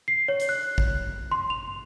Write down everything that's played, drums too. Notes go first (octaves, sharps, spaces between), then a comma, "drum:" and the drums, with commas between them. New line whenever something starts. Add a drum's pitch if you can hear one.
C7
C#5
drum: hi-hat
F#6
drum: kick A1
C6
F7